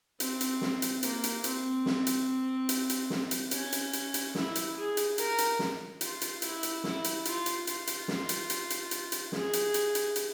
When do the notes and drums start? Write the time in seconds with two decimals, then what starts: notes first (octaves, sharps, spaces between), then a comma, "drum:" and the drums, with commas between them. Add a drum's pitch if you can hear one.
0.20 C4, drum: hi-hat
0.41 drum: hi-hat
0.61 drum: snare
0.82 drum: hi-hat
1.03 A#3, drum: hi-hat
1.24 drum: hi-hat
1.44 C4, drum: hi-hat
1.86 drum: snare
2.07 drum: hi-hat
2.69 drum: hi-hat
2.90 drum: hi-hat
3.10 drum: snare
3.31 drum: hi-hat
3.51 C#4, drum: hi-hat
3.72 drum: hi-hat
3.93 drum: hi-hat
4.14 drum: hi-hat
4.35 E4, drum: snare
4.55 drum: hi-hat
4.76 G#4
4.97 drum: hi-hat
5.18 A#4, drum: hi-hat
5.38 drum: hi-hat
5.59 drum: snare
6.01 F4, drum: hi-hat
6.21 drum: hi-hat
6.42 E4, drum: hi-hat
6.63 drum: hi-hat
6.84 E4, drum: snare
7.04 drum: hi-hat
7.25 F4, drum: hi-hat
7.46 drum: hi-hat
7.67 F4, drum: hi-hat
7.87 drum: hi-hat
8.08 drum: snare
8.29 drum: hi-hat
8.50 drum: hi-hat
8.70 drum: hi-hat
8.91 drum: hi-hat
9.12 drum: hi-hat
9.32 G#4, drum: snare
9.53 drum: hi-hat
9.74 drum: hi-hat
9.95 drum: hi-hat
10.16 drum: hi-hat